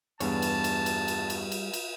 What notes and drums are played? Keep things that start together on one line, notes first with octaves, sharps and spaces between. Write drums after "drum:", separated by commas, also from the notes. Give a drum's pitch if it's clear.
E2 G2 G3 B3 G#4 C#5 A5, drum: cymbal
drum: cymbal
drum: cymbal
drum: cymbal
drum: cymbal
drum: cymbal
drum: cymbal
drum: cymbal